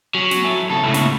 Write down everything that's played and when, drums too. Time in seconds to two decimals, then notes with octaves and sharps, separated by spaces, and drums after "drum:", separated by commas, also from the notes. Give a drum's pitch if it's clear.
0.15 F#3 C#4
0.31 drum: snare
0.45 E4 A4
0.70 E2 C#3 A4
0.83 C#2 A2 E4 F#4
0.94 drum: snare